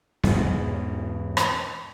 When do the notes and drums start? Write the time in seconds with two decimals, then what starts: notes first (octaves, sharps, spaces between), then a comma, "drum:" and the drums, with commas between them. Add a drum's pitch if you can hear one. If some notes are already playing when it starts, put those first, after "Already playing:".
0.23 E2 G#2 B2 E3, drum: snare B3
1.37 drum: rim click